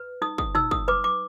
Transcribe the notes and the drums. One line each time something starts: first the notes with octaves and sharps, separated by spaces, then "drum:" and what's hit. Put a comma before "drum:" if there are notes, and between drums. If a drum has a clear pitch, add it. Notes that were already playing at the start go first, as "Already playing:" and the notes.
Already playing: B4
D#4 D#6
D#6, drum: kick
D#4 E6, drum: tom A#2
D#6, drum: kick
B4 D6
D6